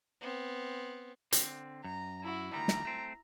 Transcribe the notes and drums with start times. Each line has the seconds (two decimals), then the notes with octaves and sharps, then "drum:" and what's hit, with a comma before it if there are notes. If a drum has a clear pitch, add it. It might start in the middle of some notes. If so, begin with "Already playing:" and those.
0.21 B3 C4
1.32 D3 C4, drum: hi-hat
1.84 F#2 A#5
2.23 E4 F#4
2.53 D2 D#3 G3 A#5
2.68 drum: snare
2.85 A3 C4